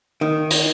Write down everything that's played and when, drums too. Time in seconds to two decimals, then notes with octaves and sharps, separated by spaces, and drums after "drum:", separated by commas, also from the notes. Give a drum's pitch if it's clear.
0.21 D#3
0.51 drum: hi-hat